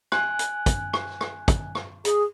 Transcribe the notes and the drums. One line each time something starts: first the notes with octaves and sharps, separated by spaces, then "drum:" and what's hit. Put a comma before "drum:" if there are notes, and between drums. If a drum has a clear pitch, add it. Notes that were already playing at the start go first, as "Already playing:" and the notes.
G#5 F#6, drum: rim click
drum: hi-hat
drum: kick, hi-hat
drum: rim click
drum: rim click
drum: kick, hi-hat
drum: rim click
G#4, drum: hi-hat